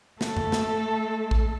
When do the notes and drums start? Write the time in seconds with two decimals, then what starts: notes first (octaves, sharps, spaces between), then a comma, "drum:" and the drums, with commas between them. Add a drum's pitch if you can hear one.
0.21 A3 A4, drum: snare
0.37 drum: tom F#2
0.52 drum: snare
1.31 drum: kick